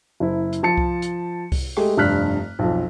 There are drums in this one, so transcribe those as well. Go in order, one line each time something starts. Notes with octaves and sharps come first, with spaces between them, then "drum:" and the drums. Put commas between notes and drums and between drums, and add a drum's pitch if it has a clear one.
F#1 E4
drum: hi-hat
F3 A5 C#7
drum: kick C2
drum: hi-hat
drum: kick C2, open hi-hat
G#3 A3 G4, drum: rim click
F1 G2 F6 F#6 B6
B1 F2